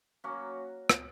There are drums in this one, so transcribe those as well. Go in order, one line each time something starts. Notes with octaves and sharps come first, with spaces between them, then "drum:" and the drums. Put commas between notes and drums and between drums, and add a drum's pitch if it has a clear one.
F#3 A#3 C#4 F#4
drum: rim click